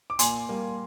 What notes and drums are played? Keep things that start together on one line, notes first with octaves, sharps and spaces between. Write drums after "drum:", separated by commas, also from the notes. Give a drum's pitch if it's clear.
D6
A#2 G#5 C6, drum: hi-hat
G3 A#3